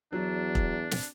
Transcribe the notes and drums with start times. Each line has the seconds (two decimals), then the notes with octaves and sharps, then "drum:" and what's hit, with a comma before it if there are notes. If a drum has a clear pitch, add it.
0.13 E2 F#3 D4
0.55 drum: kick E1
0.91 drum: snare